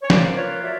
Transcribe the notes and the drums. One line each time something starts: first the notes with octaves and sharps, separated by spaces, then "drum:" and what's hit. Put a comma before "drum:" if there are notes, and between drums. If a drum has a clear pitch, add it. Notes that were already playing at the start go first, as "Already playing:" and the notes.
C#5
A#3 C5 D5, drum: snare
F4 B4 C#5
F#3 D5 E5